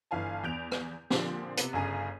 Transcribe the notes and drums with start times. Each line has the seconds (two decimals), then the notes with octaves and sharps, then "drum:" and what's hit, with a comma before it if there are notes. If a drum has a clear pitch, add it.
0.11 G1 E3 F5 G#5 A5
0.44 E2 G6 D7 F7
0.72 drum: rim click
1.10 A#2 D3 F3 C4 G4, drum: snare
1.57 C3 B3, drum: hi-hat
1.73 G1 C#3 G#4 A#5 D#7